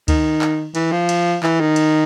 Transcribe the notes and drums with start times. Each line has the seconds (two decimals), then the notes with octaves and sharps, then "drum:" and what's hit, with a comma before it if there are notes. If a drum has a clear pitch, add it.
0.08 D#3, drum: kick D2, cymbal
0.42 drum: clap
0.75 E3, drum: cymbal
0.92 F3
1.09 drum: cymbal
1.43 E3, drum: clap
1.60 D#3
1.76 drum: cymbal